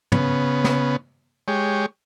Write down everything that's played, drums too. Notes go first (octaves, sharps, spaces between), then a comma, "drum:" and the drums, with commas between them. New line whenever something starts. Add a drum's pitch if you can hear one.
C#3 B3, drum: tom
drum: snare
G#3 G4 C#5